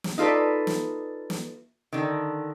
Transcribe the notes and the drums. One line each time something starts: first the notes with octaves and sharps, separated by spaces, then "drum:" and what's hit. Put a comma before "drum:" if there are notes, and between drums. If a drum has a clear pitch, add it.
drum: snare
D#4 F4 A4 B4 D5
drum: snare
drum: snare
D3 D#3